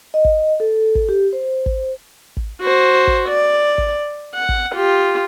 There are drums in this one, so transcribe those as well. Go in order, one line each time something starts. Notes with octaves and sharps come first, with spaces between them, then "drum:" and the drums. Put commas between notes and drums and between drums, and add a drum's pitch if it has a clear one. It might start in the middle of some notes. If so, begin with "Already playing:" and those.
D#5
drum: kick
A4
drum: kick
G4
C5
drum: kick
drum: kick
F#4 C5
drum: kick
D5
drum: kick
F#5
drum: kick
F4 G4